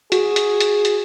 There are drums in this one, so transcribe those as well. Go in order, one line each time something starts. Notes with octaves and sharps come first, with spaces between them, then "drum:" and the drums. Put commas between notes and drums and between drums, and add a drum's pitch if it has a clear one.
F#4 G#4, drum: hi-hat
drum: hi-hat
drum: hi-hat
drum: hi-hat